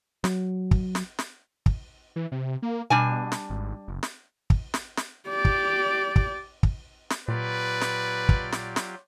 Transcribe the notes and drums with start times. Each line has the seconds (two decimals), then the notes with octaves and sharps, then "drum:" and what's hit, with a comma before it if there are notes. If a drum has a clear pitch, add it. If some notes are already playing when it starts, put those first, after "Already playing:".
0.24 F#3, drum: snare
0.71 drum: kick
0.95 drum: snare
1.19 drum: snare
1.66 drum: kick
2.16 E3
2.32 C3
2.62 A#3
2.90 B2 G3 D4 G#5
3.32 drum: snare
3.50 G#1
3.88 F#1
4.03 drum: snare
4.50 drum: kick
4.74 drum: snare
4.97 drum: snare
5.29 G4 D5
5.45 drum: kick
6.16 drum: kick
6.63 drum: kick
7.10 drum: snare
7.28 A#2 F#3 F4 G4 B4 D5
7.81 drum: snare
8.29 drum: kick
8.52 drum: snare
8.76 drum: snare